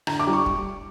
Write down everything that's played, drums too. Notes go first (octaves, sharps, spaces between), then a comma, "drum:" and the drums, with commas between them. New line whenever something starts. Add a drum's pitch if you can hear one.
D3 A#5, drum: rim click
D6
G3
C#6
drum: kick